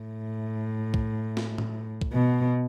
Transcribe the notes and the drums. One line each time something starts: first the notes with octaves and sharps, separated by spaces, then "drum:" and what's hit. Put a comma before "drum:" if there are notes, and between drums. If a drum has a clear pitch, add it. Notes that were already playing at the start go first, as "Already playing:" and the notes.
Already playing: A2
drum: kick
drum: snare
drum: tom A2
drum: kick
B2